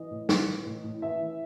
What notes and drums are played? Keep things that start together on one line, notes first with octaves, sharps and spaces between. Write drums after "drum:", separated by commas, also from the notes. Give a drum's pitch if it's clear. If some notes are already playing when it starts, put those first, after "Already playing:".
Already playing: E3 D#5
A2
A2, drum: snare
E3
A2
A2
E3 E5
E3